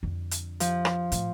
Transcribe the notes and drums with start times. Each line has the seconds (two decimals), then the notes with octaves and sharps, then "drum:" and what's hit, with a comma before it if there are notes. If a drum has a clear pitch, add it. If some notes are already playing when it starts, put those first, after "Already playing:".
0.03 F2 D3
0.31 drum: hi-hat
0.60 F3, drum: hi-hat
0.85 drum: rim click
1.12 A2, drum: hi-hat